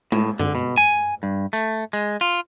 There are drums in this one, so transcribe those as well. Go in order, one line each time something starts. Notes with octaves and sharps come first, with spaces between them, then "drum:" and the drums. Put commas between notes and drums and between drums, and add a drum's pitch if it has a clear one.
A2, drum: tom G#3
D3, drum: tom F#2
B2
G#5
G2
A3
G#3
F4